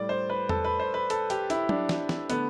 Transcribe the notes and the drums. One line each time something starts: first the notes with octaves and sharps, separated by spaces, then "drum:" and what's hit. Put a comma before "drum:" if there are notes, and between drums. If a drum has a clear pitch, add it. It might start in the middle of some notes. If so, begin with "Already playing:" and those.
Already playing: A2 G3 D5
C5
B4
A4, drum: tom E2
B4
C5
B4
A4, drum: hi-hat
G4, drum: hi-hat
E4, drum: hi-hat
D4, drum: tom F#3
drum: snare
drum: snare
D3 A3 B3, drum: hi-hat